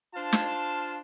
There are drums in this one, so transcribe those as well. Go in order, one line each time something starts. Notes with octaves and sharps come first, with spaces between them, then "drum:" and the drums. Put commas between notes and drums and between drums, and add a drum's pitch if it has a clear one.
D4 F4 C5 F5 A5
drum: snare